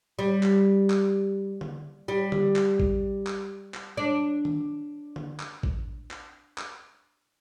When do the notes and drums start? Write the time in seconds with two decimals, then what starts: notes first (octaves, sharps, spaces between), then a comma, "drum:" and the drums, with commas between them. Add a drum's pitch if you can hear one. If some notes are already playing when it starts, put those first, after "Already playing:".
0.19 G3
0.43 drum: clap
0.90 drum: clap
1.61 drum: tom D3
2.08 G3
2.32 drum: tom D3
2.56 drum: clap
2.79 drum: kick G#1
3.27 drum: clap
3.74 drum: clap
3.97 D4
4.45 drum: tom D#3
5.16 drum: tom D3
5.40 drum: clap
5.63 drum: kick G#1
6.11 drum: clap
6.58 drum: clap